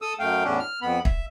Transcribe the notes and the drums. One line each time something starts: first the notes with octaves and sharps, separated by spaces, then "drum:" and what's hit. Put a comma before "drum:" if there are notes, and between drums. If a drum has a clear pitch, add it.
A4 D#6 E6
F#2 A3 F5 G5
E2 A2 C#4 D4
F6
F2 B3 B5
E5, drum: kick